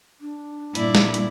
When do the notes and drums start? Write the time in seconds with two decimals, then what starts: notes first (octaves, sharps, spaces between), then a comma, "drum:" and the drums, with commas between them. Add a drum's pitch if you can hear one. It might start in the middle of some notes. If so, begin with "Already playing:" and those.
0.21 D4
0.75 G2 A#2 E4 D5, drum: hi-hat
0.95 drum: snare
1.14 drum: hi-hat